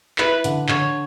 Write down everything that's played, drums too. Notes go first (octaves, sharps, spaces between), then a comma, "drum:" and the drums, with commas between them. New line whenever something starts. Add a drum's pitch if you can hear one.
E4 B4, drum: clap
D3, drum: hi-hat
D3 C#5, drum: clap